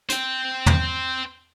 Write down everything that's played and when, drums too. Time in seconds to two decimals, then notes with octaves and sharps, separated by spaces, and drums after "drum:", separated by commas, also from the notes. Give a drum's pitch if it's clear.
0.09 C5 G5, drum: hi-hat
0.66 drum: tom